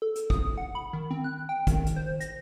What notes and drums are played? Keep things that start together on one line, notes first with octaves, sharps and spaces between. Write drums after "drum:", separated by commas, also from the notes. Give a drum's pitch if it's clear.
A4
drum: hi-hat
D#6, drum: kick
F#5
B5
D#3
C4
F#6
G5
D#3, drum: kick, hi-hat
drum: hi-hat
C5
A#6, drum: hi-hat